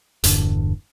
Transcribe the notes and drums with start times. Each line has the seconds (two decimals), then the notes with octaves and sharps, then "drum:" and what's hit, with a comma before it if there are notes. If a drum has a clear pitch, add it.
0.24 E1 G2 D3, drum: hi-hat